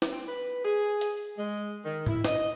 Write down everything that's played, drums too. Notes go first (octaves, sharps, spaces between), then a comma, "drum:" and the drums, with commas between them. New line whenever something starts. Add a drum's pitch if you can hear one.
drum: snare
C4
B4
G#4
drum: hi-hat
G#3
D#3
E4, drum: tom
D#5, drum: snare